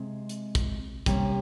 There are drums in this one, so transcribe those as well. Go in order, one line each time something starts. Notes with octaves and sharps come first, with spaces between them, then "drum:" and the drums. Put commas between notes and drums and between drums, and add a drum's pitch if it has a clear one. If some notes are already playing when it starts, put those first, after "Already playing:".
Already playing: C3 G#3
drum: hi-hat
drum: kick, hi-hat
C3 G3 A#3 C#4 C#5, drum: kick, hi-hat